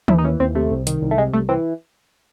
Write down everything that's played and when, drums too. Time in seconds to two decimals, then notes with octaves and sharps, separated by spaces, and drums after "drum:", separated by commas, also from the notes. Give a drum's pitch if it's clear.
0.08 D#2 E4, drum: tom
0.19 D#4
0.24 E3 C#4
0.40 D#2 C4
0.55 C3 A3
0.71 C2
0.87 D#3, drum: hi-hat
1.02 C2
1.11 A3
1.18 C3 G#3
1.33 C2 A3
1.49 E3 C4